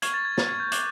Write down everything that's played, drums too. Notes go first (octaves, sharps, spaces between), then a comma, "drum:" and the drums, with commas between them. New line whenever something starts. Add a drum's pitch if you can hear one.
C#6 F6 G#6, drum: hi-hat
A6
G#6
A6, drum: snare
G#6
G6
D6 F#6 G#6, drum: hi-hat